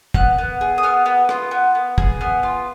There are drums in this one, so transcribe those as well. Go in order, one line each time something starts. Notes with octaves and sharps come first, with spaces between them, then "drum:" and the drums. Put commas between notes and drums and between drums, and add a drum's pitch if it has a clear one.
B3 F#6, drum: kick
B3
G#4
D#6
B3 F6
B3
F4, drum: rim click
B3
B3
G#4, drum: kick
B3 F6
F4